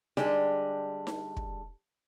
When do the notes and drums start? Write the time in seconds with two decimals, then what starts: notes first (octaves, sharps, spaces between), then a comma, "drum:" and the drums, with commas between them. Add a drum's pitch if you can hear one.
0.17 D3 G3 G#3 D4 G5, drum: snare D#4
1.07 drum: snare D#4
1.37 drum: kick